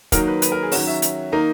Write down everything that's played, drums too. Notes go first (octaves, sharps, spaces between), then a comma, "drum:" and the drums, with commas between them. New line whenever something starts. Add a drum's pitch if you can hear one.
D#3 F#3 A#3 D#4 A#4, drum: kick, hi-hat
B4
B4, drum: hi-hat
A#4
G#4
D#3 F#3 C#4 F#4, drum: open hi-hat
E5
drum: hi-hat
D#3 A#3 D#4 A#5